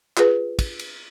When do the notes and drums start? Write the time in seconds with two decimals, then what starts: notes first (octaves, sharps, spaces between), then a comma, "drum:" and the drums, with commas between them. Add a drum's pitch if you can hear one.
0.17 F4 G#4 B4, drum: clap
0.59 drum: kick, cymbal
0.79 drum: cymbal